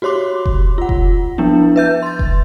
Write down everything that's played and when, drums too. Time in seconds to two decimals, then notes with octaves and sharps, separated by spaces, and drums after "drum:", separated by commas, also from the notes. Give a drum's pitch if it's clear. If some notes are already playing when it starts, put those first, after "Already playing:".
0.02 F#4 G4 C#5 C6 D6
0.46 drum: kick F1
0.78 F4 F#5
0.89 drum: kick F1
1.38 F3 B3 D4 E4
1.76 B4 E5 G6
2.03 C6 A6
2.19 drum: kick F1